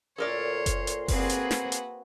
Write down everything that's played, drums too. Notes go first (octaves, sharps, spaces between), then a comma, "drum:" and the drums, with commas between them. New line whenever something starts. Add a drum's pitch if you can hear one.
D2 A#2 A4 A#4 C#5 D5 C6
drum: kick F#1, hi-hat
drum: hi-hat
A#3 C4 F#4 G#4 B4, drum: kick F#1, open hi-hat
drum: hi-hat
drum: snare
drum: hi-hat